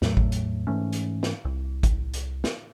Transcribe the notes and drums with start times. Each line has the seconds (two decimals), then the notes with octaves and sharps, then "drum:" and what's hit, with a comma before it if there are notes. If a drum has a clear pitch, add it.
0.02 E2 A2 F#3 A3, drum: snare
0.17 drum: kick G#1
0.32 drum: hi-hat
0.67 G#2 E3 A3 C#4
0.93 drum: hi-hat
1.23 drum: snare
1.45 C2
1.83 drum: kick G#1, hi-hat
2.14 drum: hi-hat
2.44 drum: snare